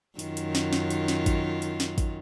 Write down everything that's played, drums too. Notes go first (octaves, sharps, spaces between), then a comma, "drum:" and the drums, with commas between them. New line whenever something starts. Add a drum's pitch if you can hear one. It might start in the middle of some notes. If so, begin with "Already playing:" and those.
F#2 D#3 F4, drum: hi-hat
drum: hi-hat
drum: snare
drum: snare
drum: hi-hat
drum: snare
drum: kick A1, hi-hat
drum: hi-hat
drum: snare
drum: kick A1, hi-hat